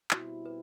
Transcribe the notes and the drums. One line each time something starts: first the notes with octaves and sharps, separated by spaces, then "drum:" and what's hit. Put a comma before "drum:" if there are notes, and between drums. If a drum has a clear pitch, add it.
B2 G3 C4 E4 F#4, drum: clap
B4